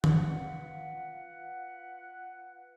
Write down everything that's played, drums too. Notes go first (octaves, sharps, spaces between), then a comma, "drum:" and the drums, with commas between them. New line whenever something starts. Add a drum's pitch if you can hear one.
F4 B4 F#5, drum: tom